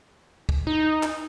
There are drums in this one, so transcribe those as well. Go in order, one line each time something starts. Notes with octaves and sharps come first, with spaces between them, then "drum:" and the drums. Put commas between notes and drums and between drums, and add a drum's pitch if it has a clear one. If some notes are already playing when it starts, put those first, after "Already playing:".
drum: kick
D#4
drum: clap